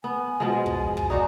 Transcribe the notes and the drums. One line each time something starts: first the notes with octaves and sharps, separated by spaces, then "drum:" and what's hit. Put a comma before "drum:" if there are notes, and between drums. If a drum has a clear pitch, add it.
B3 G#5
B2 F3 G#3
drum: kick
drum: kick
D#4 F#4 C5 D5